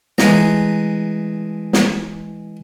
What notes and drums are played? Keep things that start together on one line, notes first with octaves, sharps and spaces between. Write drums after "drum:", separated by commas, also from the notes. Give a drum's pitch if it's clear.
E3 G#3 A3 A#5, drum: snare
drum: snare